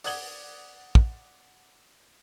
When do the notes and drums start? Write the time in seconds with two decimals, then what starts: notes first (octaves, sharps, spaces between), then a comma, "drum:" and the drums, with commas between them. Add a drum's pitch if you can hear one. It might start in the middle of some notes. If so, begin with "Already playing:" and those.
0.04 D5 F#5 D#6 G#6 F#7 G7, drum: open hi-hat
0.95 drum: kick